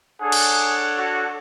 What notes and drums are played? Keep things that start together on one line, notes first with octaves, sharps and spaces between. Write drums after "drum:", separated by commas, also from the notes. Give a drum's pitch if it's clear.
D4 G#4 A4 C#5 F#5
drum: cymbal
F#4